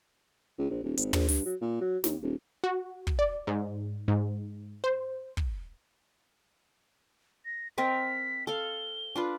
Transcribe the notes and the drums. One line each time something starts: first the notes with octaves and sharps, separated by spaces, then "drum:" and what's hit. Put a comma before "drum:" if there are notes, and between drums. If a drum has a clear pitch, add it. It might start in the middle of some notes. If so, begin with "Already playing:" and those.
C#2
A#1
D#1
G#1, drum: hi-hat
A#1, drum: tom
G2, drum: open hi-hat
F#3
A#2
F#3
D#2, drum: snare
D#1
F#4
drum: kick
D5
G#2
G#2
C5
drum: kick
A#6
C4 A#4 D#5 B6
A4 F5 G7
D4 F4 B4